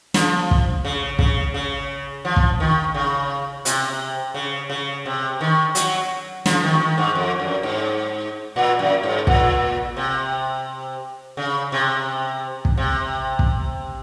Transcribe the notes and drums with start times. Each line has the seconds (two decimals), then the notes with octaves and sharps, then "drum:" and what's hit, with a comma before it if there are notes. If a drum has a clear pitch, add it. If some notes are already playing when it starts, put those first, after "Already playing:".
0.14 F3, drum: snare
0.51 drum: kick
0.85 C#3
1.19 C#3, drum: kick
1.54 C#3
2.25 F3
2.36 drum: kick
2.60 D#3
2.95 C#3
3.65 C3, drum: hi-hat
4.34 C#3
4.70 C#3
5.06 C3
5.41 D#3
5.75 F#3, drum: hi-hat
6.46 F3, drum: snare
6.64 D#3
6.81 D#3
6.98 G#2
7.15 F2
7.39 F#2
7.63 G#2
8.56 A#2
8.79 F#2
9.03 G#2
9.27 A#2, drum: kick
9.97 C3
11.37 C#3
11.72 C3
12.65 drum: kick
12.78 C3
13.39 drum: kick